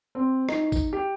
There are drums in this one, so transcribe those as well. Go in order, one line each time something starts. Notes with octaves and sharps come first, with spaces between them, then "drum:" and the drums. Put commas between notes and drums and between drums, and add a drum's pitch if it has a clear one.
C4
D#4, drum: rim click
drum: kick, tambourine
G4